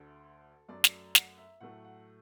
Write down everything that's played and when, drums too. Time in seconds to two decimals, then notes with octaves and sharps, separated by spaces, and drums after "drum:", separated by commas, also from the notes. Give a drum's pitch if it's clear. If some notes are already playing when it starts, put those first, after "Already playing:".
Already playing: D2 D3 A3 A4
0.69 F#2 F#3 A3 D5
0.84 drum: snare
1.15 F#5, drum: snare
1.38 E5
1.60 A2 F#3 A3 F#5
1.84 F#5